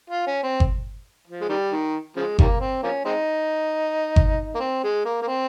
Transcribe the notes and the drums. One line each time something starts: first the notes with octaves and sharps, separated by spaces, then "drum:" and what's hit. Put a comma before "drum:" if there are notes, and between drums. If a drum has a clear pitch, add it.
F4
C#4
C4
drum: kick G1
F3
G#3
D#3 G3
D#3
C#3 F3 G#3
D#3 G3 A#3, drum: kick G1
C4
F3 A#3 C#4
G#3 C4 D#4
drum: kick G1
A#3
C4
G#3
A#3
A#3
C4